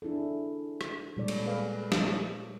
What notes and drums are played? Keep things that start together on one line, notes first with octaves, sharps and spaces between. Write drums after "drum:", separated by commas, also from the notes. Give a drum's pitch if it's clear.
D4 E4 G#4 A4
drum: rim click
A#2 G3 G#3 A4 C#5 D5
drum: cymbal
G#4 B4 D5 F5
C#5, drum: snare